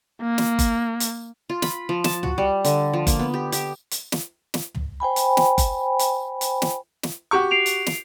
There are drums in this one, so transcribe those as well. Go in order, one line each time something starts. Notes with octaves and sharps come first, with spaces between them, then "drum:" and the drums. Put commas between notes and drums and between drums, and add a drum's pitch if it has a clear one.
A#3
drum: snare
drum: kick F#1, hi-hat
drum: hi-hat
F4
B5, drum: snare
F3
A5, drum: snare
F#4, drum: tom
G3
D3, drum: hi-hat
F3
A#3, drum: kick F#1, hi-hat
B3
G4
G4, drum: hi-hat
drum: hi-hat
drum: snare
drum: snare
drum: tom
C5 G5 G#5 B5
drum: hi-hat
drum: snare
drum: kick F#1, hi-hat
drum: hi-hat
drum: hi-hat
drum: snare
drum: snare
F#4 G4 C#6
C7 D7 F7
drum: hi-hat
drum: snare